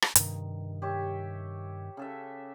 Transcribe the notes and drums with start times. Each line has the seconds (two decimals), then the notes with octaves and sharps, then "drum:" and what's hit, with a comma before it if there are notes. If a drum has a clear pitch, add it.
0.02 drum: rim click
0.15 G2 C3 D#3, drum: hi-hat
0.82 G4 C#5 E5
1.97 C#3 A4 E5